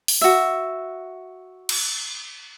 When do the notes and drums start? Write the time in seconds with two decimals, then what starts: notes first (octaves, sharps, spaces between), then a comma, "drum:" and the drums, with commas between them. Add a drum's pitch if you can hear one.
0.08 drum: open hi-hat
0.21 F#4 E5
1.69 drum: cymbal